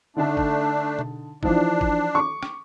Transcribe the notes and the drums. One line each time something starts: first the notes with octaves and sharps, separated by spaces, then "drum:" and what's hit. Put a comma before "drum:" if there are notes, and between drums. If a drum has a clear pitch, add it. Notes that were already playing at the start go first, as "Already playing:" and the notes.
D3 A3 D4 D#4 A5
drum: kick
drum: tom B2
E3 F3 D4 D#4, drum: kick
drum: kick
C#6 D6
drum: rim click